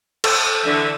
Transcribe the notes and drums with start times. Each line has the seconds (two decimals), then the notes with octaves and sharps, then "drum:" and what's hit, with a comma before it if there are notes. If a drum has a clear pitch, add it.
0.24 A4, drum: cymbal
0.64 D3 E3 E5